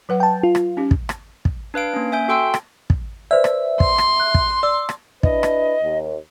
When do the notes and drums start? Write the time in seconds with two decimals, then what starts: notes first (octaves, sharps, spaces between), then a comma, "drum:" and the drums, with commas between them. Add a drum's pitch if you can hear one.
0.09 F#3 B4 F#5
0.20 G5 A5
0.43 F4
0.55 drum: rim click
0.77 C#4 D#4 G4
0.91 drum: kick
1.09 drum: rim click
1.45 drum: kick
1.74 D4 B4 F5 D7
1.94 A#3 C#4
2.12 E5 G#5 G6 D7
2.28 F#4 A4 G5 C6 E6 D7
2.54 drum: rim click
2.90 drum: kick
3.31 B4 C5 D5 E5
3.44 drum: rim click
3.80 C6, drum: kick
3.98 drum: rim click
4.20 F#6
4.34 drum: kick
4.63 D5 E6
4.89 drum: rim click
5.23 D4 E4 B4 D#5, drum: kick
5.43 drum: rim click
5.83 D#2